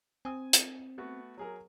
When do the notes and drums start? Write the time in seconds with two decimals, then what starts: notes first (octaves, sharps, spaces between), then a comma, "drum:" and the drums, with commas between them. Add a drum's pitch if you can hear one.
0.25 C4 G#5 D#6
0.53 drum: hi-hat
0.98 A3 B3 F#4
1.37 F#3 G#4 A#4